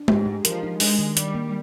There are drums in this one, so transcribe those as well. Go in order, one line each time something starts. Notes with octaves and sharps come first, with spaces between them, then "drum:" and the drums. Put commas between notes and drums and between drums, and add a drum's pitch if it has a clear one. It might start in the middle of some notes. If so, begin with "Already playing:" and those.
Already playing: D4
G#2 G4, drum: tom G#3
G#3
F3 A#4, drum: hi-hat
D#4
G#3 D4, drum: open hi-hat
D#3
D#3 G3, drum: hi-hat
A#3